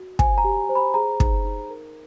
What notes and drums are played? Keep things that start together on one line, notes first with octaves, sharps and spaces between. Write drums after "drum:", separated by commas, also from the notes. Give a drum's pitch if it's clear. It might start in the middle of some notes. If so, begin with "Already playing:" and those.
Already playing: F#4
C5 G#5, drum: kick
A#5
G4
C5
B5
G#4 A#5
D#4, drum: kick
D#4
A#4